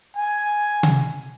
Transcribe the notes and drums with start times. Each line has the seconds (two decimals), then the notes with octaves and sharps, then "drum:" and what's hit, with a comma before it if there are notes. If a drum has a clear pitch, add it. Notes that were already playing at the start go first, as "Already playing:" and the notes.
0.16 G#5
0.83 drum: tom C3